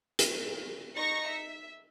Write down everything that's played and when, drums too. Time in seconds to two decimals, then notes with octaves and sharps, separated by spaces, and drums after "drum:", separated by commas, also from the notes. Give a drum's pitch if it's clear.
0.19 drum: hi-hat
0.96 D#4 C#6 A#6 C#7
1.29 E5